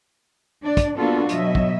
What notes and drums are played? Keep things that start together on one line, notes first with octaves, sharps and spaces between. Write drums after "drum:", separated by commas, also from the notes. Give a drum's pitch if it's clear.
D4 D5
drum: kick, hi-hat
A#3 B3 D4 F4 F#4 A4
B2 F#3 D#5 E5, drum: hi-hat
drum: kick